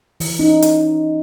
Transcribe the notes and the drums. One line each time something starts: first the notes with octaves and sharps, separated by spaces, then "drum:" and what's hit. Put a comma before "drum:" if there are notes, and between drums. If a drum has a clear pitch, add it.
E3, drum: open hi-hat
C#4 D#4
drum: hi-hat